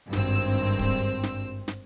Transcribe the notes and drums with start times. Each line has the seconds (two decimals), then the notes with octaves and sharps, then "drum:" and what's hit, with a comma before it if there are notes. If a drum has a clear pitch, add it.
0.13 G#1 G2 C4 E6, drum: snare
0.79 drum: kick
1.23 drum: snare
1.68 drum: snare